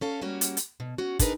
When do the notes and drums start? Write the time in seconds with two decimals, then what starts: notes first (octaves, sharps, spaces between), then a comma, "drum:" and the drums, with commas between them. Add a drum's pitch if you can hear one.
0.01 C#4 A4 F5
0.21 G3 A#3 C#4 F#4
0.41 drum: hi-hat
0.57 drum: hi-hat
0.80 B2
0.98 C#4 F#4
1.19 D4 D#4 G#4 A#4 B4, drum: kick, hi-hat